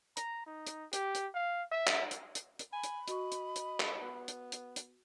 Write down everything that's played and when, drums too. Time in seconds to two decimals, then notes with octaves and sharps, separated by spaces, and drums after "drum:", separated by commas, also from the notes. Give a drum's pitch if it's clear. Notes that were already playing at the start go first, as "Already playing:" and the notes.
0.17 A#5, drum: hi-hat
0.46 D#4
0.67 drum: hi-hat
0.93 G4, drum: hi-hat
1.15 drum: hi-hat
1.34 F5
1.72 E5
1.87 drum: clap
2.11 drum: hi-hat
2.35 drum: hi-hat
2.59 drum: hi-hat
2.73 G#5 B5
2.83 drum: hi-hat
3.08 F#4 D#5 C#6, drum: hi-hat
3.32 drum: hi-hat
3.56 drum: hi-hat
3.80 drum: clap
4.01 B3
4.28 drum: hi-hat
4.52 drum: hi-hat
4.76 drum: hi-hat